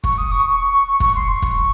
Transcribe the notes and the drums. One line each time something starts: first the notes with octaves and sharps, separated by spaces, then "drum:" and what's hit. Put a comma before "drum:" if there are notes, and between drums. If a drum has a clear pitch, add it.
C#6, drum: kick
D#6
C#6
C#6
C#6
C#6
C#6
C#6, drum: kick
C6
C#6
drum: kick